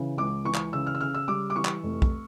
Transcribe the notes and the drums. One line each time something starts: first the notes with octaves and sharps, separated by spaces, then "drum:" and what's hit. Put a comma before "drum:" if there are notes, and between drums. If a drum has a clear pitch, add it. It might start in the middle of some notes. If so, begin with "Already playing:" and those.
Already playing: C#3 E3
C#2 D6
E3 C#6
drum: clap
C#3 E6
F6
E6
C#3 F6
E6
G3 D6
D6
E3 C#6
drum: clap
F1
drum: kick